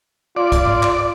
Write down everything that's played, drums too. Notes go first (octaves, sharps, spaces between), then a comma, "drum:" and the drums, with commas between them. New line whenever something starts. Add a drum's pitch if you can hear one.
F4 D5
drum: kick, hi-hat
drum: tom G#2
drum: clap